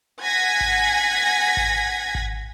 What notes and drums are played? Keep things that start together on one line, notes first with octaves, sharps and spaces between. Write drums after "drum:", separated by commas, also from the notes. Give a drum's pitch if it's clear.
F#5 G#5 G#6 A#6 B6
drum: kick G#1
drum: kick G#1
drum: kick G#1